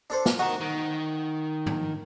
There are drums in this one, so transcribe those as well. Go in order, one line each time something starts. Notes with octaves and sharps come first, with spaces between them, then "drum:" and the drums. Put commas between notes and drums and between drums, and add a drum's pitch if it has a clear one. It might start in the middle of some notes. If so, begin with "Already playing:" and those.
D4 A4 C5
drum: snare
D#4 F#4 A#4
D#3
drum: tom